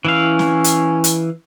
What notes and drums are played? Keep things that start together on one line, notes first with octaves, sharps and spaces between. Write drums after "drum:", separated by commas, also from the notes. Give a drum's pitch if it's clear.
E3 C#4 E4 F5
drum: snare
drum: hi-hat
drum: hi-hat